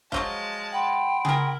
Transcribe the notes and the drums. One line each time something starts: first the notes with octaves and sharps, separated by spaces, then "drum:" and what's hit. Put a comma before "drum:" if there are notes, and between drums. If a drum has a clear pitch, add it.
F3 F#3 G#3 F4 A5, drum: kick
F#5 G5 B5 C6
E4 G#4 A#4, drum: tom C#3